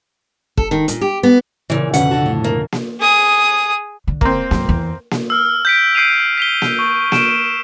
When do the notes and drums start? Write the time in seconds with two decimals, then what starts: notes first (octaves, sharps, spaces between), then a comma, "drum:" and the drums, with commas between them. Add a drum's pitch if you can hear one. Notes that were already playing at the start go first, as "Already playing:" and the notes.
0.57 A4, drum: kick
0.71 D#3
0.88 A#2, drum: hi-hat
1.01 G4
1.23 B3
1.70 A#2 C#3 E3 E6
1.94 F2 B2 D3 C#4 B4 F#5, drum: hi-hat
2.11 D3 F#4 A5
2.26 A2
2.44 A#3
2.72 drum: snare A#3
3.00 G#4 D#6
4.07 D3
4.21 A#3 C4, drum: kick
4.51 F#2, drum: snare A#3
4.69 E2
5.11 drum: snare A#3
5.30 E6 F6
5.65 G6 B6 D7
5.95 E6 G6 C7 D7 D#7 F7
6.38 B6 F7 G7
6.62 drum: snare A#3
6.79 C#6
7.12 D7 E7, drum: snare A#3